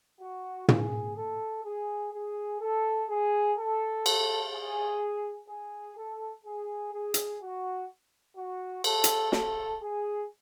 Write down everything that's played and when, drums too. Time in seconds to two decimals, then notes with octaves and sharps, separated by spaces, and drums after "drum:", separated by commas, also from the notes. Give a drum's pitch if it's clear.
0.20 F#4
0.68 G#4, drum: tom
1.17 A4
1.64 G#4
2.13 G#4
2.60 A4
3.09 G#4
3.57 A4
4.06 drum: cymbal
4.53 G#4
5.48 G#4
5.97 A4
6.45 G#4
6.93 G#4
7.14 drum: hi-hat
7.41 F#4
8.36 F#4
8.84 A4, drum: cymbal
9.04 drum: hi-hat
9.32 A4, drum: snare
9.81 G#4